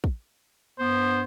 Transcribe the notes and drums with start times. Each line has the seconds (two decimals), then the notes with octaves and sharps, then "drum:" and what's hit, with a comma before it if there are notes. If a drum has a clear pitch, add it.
0.04 drum: kick
0.79 G2 B3 C5